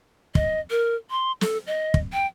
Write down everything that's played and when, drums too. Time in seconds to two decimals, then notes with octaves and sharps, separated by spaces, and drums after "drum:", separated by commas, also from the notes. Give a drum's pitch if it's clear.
0.35 D#5, drum: kick
0.71 A#4
1.10 C6
1.41 A4, drum: snare
1.67 D#5
1.94 drum: kick
2.13 G5